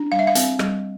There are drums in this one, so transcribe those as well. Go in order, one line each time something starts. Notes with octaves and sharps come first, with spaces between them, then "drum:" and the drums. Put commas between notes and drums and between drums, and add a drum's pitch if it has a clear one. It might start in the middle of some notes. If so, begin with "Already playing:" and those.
Already playing: D4
G3 F5
E5
F5
C4, drum: hi-hat
G3, drum: rim click